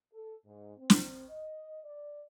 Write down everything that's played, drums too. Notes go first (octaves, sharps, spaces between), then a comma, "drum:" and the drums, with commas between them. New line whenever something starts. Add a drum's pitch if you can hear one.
A4
G#2
C4
drum: snare
D#5
D5